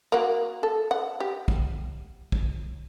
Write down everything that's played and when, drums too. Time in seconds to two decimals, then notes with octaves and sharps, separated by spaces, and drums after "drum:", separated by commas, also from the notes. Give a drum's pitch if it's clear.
0.12 A#3 F#4
0.63 A4
0.91 F#5
1.20 G4
1.48 drum: kick
2.32 drum: kick